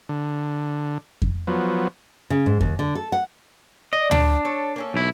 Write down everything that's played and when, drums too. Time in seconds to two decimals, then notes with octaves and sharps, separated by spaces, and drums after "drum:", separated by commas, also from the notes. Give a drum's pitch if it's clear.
0.09 D3
1.22 drum: kick F2
1.47 F3 F#3 B3
2.30 C#3
2.46 G#2
2.61 D#2, drum: kick F2
2.79 D3
2.95 A4
3.12 F#5
3.93 D5 D#5
4.11 D4, drum: tom D2
4.45 A4 C#5
4.76 A#3 C#4 A4
4.94 B1 E4